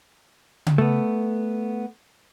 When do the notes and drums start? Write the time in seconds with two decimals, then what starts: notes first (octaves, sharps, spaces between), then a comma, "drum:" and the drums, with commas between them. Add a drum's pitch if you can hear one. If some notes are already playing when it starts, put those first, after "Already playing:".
0.66 drum: tom C#3
0.78 A3 B3